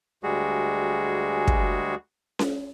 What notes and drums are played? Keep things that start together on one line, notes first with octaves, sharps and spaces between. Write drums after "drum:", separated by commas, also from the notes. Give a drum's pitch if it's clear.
D2 G3 G#3 F#4 G#4
drum: kick
drum: snare C#4